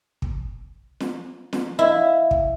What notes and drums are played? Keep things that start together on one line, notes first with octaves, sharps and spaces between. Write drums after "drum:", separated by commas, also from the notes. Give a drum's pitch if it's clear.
drum: kick
drum: snare
drum: snare
E4 D#5 F5
drum: kick